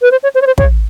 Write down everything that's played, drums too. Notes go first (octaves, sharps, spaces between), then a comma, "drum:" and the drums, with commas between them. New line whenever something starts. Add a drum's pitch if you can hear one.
B4
C5
C#5
C5
C#5
C5
C#5, drum: kick